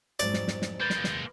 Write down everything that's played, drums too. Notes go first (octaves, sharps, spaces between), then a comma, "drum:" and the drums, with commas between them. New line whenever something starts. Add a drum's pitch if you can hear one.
F2 G#2 F#3 D5, drum: hi-hat
drum: snare
drum: snare
drum: snare
G#3 A#3 B4 G6 A6
drum: snare
drum: snare